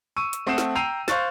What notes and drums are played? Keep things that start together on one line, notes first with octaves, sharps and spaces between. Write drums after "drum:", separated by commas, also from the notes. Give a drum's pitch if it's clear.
C#6 E6 D#7
drum: hi-hat
A3 C4 F#5 D#6 C7 E7
drum: snare
G5 A#5 E6 C7 D#7 F7
C5 F5 C#6 F#6 A6, drum: snare